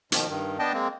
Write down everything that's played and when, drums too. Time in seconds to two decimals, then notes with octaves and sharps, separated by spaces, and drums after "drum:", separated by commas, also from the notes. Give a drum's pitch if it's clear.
0.12 B2 D#3 F3, drum: hi-hat
0.29 G2 D#3
0.59 B3 D4 D#5 G5 A5
0.73 G#3 A#3 C4